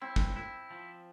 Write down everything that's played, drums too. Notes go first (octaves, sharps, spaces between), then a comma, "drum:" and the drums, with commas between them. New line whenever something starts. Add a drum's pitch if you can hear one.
C4 E4
drum: kick
E4
F3